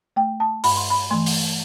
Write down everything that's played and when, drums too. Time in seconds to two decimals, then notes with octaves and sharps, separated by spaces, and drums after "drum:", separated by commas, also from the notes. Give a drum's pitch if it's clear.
0.16 A3 G5
0.40 A5
0.64 G2 B5, drum: open hi-hat
0.77 C6
0.90 B5
1.11 E3 A3 C6
1.26 drum: open hi-hat